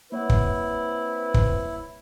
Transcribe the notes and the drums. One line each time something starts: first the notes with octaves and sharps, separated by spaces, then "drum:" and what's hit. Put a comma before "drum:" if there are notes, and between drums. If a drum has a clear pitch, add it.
A#3 C4 E4 B4 C#5 F#5
drum: kick
drum: kick